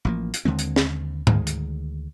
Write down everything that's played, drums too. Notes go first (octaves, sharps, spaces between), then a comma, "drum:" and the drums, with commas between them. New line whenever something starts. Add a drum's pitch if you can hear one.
A1 F3 A#3
drum: hi-hat
D#2 D3 G#3 C4
drum: hi-hat
drum: snare
D2 D#3 G#3, drum: tom G#2
drum: hi-hat